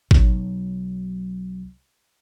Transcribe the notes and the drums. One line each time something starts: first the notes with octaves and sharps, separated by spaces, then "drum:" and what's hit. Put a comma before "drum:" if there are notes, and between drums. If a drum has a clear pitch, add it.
B1 F#3, drum: kick G#1